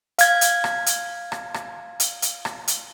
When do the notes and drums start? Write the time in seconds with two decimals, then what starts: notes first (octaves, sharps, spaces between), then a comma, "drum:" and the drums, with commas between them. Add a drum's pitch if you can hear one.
0.19 F5 G#6, drum: hi-hat
0.41 drum: hi-hat
0.64 drum: rim click
0.86 drum: hi-hat
1.32 drum: rim click
1.54 drum: rim click
2.00 drum: hi-hat
2.22 drum: hi-hat
2.45 drum: rim click
2.68 drum: hi-hat